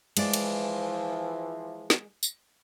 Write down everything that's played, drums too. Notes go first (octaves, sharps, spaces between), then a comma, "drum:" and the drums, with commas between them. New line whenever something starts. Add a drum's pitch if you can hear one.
E3 F3 G#3 D5, drum: cymbal
drum: cymbal
drum: snare
drum: tambourine